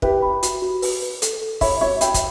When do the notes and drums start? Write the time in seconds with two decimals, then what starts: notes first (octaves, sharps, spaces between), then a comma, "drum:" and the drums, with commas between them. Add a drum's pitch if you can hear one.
0.02 G4 B4 E5, drum: kick
0.22 B5
0.43 F#4, drum: hi-hat
0.62 F#4
0.82 B4, drum: open hi-hat
1.02 B4
1.22 A4, drum: hi-hat
1.42 A4
1.61 C#5 E5 B5, drum: kick, open hi-hat
1.81 F#4 C#5 E5
2.01 E5 G5 B5, drum: hi-hat
2.14 drum: kick, hi-hat